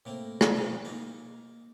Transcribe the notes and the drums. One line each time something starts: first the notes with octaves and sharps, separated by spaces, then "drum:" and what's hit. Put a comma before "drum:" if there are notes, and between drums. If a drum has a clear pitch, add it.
A2 A#3 C4
drum: rim click
G2 B2 F3 G#3
A#3 D#4